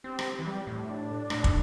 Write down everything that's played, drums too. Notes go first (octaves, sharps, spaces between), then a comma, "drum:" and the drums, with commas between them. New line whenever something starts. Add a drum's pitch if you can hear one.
C4 G4
drum: rim click
E3
G3 G4
A2
D4
A2, drum: rim click
drum: kick